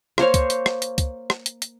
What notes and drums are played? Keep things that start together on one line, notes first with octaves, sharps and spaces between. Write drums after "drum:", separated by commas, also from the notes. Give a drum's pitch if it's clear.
A#3 C5 C#5 F5, drum: rim click
drum: kick, hi-hat
drum: hi-hat
drum: rim click
drum: hi-hat
drum: kick, hi-hat
drum: rim click
drum: hi-hat
drum: hi-hat